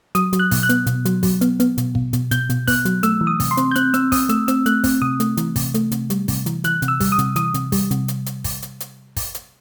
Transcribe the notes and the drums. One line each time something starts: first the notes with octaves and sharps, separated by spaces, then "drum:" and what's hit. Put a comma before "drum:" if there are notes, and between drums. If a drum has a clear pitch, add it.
F#3 D#6, drum: hi-hat
F#3, drum: hi-hat
F#6
B2, drum: kick, open hi-hat
F#6
B3, drum: hi-hat
B2, drum: hi-hat
F#3, drum: hi-hat
F#3, drum: kick, open hi-hat
B3, drum: hi-hat
B3, drum: hi-hat
B2, drum: hi-hat
B2, drum: kick
B2, drum: hi-hat
B2 G6, drum: hi-hat
B2, drum: hi-hat
B3 F#6, drum: kick, open hi-hat
F#3, drum: hi-hat
A3 E6, drum: hi-hat
E3
D#6
C3, drum: kick, open hi-hat
C6
C4, drum: hi-hat
G6
C4 F#6, drum: hi-hat
C4 E6, drum: hi-hat
C4 D#6, drum: kick, open hi-hat
A3 E6, drum: hi-hat
C4 E6, drum: hi-hat
A3 F#6, drum: hi-hat
C4, drum: kick, open hi-hat
C3 D#6
A3, drum: hi-hat
E3, drum: hi-hat
C3, drum: kick, open hi-hat
A3, drum: hi-hat
C3, drum: hi-hat
G3, drum: hi-hat
C3, drum: kick, open hi-hat
E3, drum: hi-hat
E3 F#6, drum: hi-hat
C3, drum: hi-hat
E6
G3, drum: kick, open hi-hat
D#6
C3, drum: hi-hat
E3 D#6, drum: hi-hat
C3, drum: hi-hat
G3, drum: kick, open hi-hat
C3, drum: hi-hat
drum: hi-hat
drum: hi-hat
drum: kick, open hi-hat
drum: hi-hat
drum: hi-hat
drum: kick, open hi-hat
drum: hi-hat